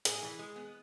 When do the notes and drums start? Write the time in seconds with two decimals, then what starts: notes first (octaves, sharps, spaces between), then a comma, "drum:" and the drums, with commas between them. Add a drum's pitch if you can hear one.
0.05 A2 G#4, drum: hi-hat
0.22 E3
0.39 G#3
0.56 B3